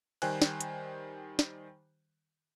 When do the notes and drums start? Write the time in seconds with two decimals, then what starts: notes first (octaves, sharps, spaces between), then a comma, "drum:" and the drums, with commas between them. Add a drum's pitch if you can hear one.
0.22 D#3 G3 C5 G5 G#5 F#6, drum: cymbal
0.42 drum: snare
0.61 drum: hi-hat
1.39 drum: snare